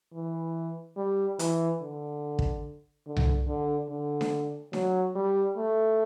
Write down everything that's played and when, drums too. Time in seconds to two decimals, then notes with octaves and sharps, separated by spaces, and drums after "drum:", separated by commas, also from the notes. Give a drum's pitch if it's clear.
0.13 E3
0.97 G3
1.39 E3, drum: hi-hat
1.81 D3
2.39 drum: kick
3.06 D3
3.17 drum: tom C2
3.48 D3
3.90 D3
4.21 drum: snare D4
4.73 F#3, drum: snare D4
5.16 G3
5.57 A3